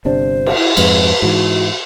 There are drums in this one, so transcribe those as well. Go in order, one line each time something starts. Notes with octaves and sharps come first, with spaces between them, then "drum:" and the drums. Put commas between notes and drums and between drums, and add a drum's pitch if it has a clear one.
G1 C3 D4 C5
drum: cymbal
E4
F2 G#2 G#3 B4, drum: cymbal
G#2 E3 F#4